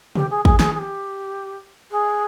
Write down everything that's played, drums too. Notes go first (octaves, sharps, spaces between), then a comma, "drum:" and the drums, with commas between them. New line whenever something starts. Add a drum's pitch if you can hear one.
G4, drum: tom C3
G#4
G#4, drum: kick
G#4, drum: snare
G#4
G4
G#4